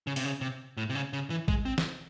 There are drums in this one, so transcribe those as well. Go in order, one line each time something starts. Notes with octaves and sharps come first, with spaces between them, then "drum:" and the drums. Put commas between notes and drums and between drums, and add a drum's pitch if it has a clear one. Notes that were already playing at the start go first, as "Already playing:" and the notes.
C#3
C3, drum: open hi-hat
C#3
C3
A2
C3
C#3
C#3
E3
G#3, drum: kick
C4
drum: snare